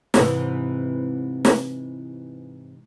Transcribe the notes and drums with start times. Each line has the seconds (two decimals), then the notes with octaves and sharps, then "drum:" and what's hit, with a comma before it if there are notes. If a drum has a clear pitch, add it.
0.14 G#2 C3 E3, drum: snare
1.45 drum: snare